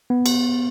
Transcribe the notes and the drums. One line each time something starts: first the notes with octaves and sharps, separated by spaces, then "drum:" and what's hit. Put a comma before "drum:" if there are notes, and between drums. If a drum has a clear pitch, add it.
B3
drum: cymbal